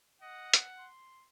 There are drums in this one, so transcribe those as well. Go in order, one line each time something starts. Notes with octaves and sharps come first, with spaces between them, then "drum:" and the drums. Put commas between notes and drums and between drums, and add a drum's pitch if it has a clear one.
D#5 F#5
drum: hi-hat
C6